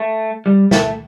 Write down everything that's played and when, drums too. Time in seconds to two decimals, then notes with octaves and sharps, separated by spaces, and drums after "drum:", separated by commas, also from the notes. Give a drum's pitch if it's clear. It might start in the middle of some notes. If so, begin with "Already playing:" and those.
Already playing: A3
0.46 G3
0.71 A3, drum: snare